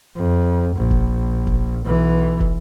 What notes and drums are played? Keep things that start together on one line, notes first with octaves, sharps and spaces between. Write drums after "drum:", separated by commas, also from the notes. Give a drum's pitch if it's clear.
F2
A#1
drum: kick
drum: kick
B1 E3
drum: kick